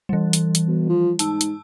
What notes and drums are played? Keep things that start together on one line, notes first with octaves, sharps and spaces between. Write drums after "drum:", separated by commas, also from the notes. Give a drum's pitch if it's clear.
E3 G3
drum: hi-hat
drum: hi-hat
B2
F3
G#2 A5 E6, drum: hi-hat
drum: hi-hat